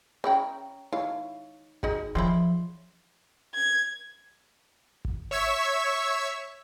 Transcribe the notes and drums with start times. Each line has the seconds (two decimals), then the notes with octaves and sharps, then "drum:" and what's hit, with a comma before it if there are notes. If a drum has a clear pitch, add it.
0.24 C#3 E4 C#5 G5 A#5
0.93 D#4 E4 C#5 F5
1.83 F#3 D#4 G#4 D#5, drum: kick G#1
2.15 D3 D#3 F3 E4 C#5 C6
3.54 G#6
5.05 drum: kick G#1
5.31 C#5 E5 C#6 E6 G#6 B6